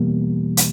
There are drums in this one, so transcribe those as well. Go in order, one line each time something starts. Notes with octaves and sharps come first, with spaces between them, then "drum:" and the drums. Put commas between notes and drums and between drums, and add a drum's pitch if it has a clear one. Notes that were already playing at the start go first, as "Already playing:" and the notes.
Already playing: E2 B2 G3 A#3
drum: hi-hat